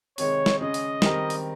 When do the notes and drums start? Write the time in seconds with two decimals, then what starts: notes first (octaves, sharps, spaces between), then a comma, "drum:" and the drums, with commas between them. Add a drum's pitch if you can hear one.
0.18 C3 D#3 G#3 C#5, drum: open hi-hat
0.46 drum: snare
0.60 C#3 G#3 C#4 G#4 D#5
0.74 drum: open hi-hat
1.02 D#3 G3 C4 G4 A#4, drum: snare
1.30 drum: open hi-hat